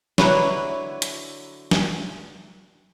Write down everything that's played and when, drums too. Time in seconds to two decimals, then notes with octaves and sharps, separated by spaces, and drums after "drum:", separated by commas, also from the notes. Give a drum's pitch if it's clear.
0.18 D3 F#3 E4 B4 C#5, drum: snare
1.02 drum: hi-hat
1.71 drum: snare